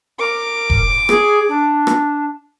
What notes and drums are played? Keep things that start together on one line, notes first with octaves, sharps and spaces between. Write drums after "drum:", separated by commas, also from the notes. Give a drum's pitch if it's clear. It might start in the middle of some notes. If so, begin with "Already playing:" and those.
A#4 D6
drum: kick E1
G#4, drum: rim click
D4
drum: rim click